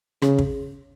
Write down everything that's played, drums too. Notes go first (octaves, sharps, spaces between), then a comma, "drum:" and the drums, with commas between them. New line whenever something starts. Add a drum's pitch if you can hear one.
C#3, drum: rim click
drum: kick